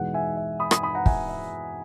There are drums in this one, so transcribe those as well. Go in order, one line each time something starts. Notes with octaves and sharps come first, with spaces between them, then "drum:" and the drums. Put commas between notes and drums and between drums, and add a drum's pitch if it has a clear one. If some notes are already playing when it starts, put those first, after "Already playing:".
Already playing: E2 B2 G#3 D#4 F#5
E5 G#5
E5
B5 D#6
B5 D#6, drum: rim click
B5 D#6
F#5 A#5
E5 G#5, drum: kick
E5